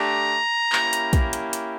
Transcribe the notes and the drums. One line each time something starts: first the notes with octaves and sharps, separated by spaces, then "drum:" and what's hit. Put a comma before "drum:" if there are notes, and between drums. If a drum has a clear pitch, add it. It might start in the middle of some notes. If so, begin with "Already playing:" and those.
Already playing: A3 D4 G4 A#5
A#3 C#4 E4 G4, drum: clap
drum: hi-hat
drum: kick, hi-hat
drum: hi-hat
drum: hi-hat